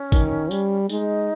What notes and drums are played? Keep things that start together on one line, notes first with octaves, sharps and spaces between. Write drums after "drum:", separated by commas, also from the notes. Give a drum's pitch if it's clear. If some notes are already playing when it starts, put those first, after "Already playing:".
Already playing: C#4
D#3, drum: kick, tambourine
G3, drum: tambourine
G#3 D#4, drum: tambourine